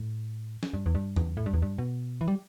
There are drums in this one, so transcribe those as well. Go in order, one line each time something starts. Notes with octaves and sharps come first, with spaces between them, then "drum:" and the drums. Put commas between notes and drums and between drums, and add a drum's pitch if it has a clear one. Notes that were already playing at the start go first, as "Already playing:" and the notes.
Already playing: A2
drum: snare
G2
E2
G2
E2, drum: tom E2
A2
G2
E2
G2
B2
E3
G3